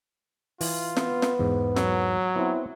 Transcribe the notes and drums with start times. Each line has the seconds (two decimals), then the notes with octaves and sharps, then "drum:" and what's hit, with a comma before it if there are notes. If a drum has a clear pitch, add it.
0.61 E3 F4, drum: open hi-hat
0.97 B3, drum: snare
1.22 drum: snare
1.39 E2 G#2
1.77 F#3, drum: snare
2.36 B3 C4 E4